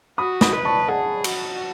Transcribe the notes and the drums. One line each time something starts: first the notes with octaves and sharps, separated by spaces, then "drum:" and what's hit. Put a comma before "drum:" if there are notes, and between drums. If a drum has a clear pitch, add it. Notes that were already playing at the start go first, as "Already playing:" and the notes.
F#4 B5 D#6
B5 D#6, drum: snare
B4
A5 C#6
G#4 F#5 A5
F#4, drum: cymbal